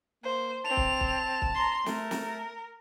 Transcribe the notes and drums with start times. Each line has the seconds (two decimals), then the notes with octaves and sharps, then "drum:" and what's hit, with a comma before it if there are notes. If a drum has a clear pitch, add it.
0.24 A#3 C5
0.65 C4 A5 F7
0.77 drum: kick
1.01 drum: kick
1.42 drum: kick
1.54 A#5 C6
1.86 A3 A#4, drum: snare
2.11 drum: snare